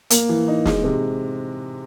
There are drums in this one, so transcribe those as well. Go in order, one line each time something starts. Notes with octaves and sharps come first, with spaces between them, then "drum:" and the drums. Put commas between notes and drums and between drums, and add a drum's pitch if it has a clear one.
A#3, drum: hi-hat
E3
D#4
G#3, drum: snare
C3